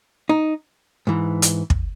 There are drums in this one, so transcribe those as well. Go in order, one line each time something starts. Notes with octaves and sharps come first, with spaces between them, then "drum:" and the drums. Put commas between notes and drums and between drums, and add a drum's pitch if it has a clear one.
D#4
G#2 E3
drum: hi-hat
drum: kick